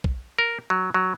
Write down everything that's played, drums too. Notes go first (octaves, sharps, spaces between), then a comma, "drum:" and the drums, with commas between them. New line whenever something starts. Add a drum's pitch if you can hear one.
drum: kick B1
A#4
F#3
F#3